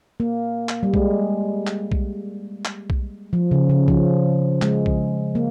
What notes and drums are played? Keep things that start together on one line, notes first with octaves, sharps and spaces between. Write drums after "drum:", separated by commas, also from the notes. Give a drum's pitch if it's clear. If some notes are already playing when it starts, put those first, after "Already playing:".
A#3
drum: clap
G3
G#3, drum: kick B1
drum: clap
drum: kick B1
drum: clap
drum: kick B1
F3
C#3
C#3
F3, drum: kick B1
G#3, drum: clap
drum: kick B1
A#3